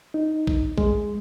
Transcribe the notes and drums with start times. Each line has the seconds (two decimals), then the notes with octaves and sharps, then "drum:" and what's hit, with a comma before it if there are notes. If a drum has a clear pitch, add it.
0.14 D#4
0.47 drum: kick A#1
0.78 G#3, drum: kick A#1